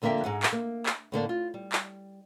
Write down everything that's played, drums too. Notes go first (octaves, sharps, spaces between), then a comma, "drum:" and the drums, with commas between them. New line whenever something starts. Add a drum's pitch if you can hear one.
F2 D3 A#3 A#4 E5 G5
G#2 G#3 F#5
drum: clap
A#3
drum: clap
A2 D3 A#3 D4
F4
G3
drum: clap